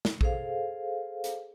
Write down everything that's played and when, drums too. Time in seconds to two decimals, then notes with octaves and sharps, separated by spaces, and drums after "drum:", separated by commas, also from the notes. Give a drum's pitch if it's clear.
0.05 drum: snare
0.21 G#4 A4 C5 F5, drum: kick A#1
1.24 drum: hi-hat